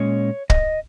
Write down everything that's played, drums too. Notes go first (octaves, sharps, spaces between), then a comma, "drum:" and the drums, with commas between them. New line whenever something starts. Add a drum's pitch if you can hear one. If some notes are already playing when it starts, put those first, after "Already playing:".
Already playing: A#2 G#3 C#4 C#5
D#5, drum: kick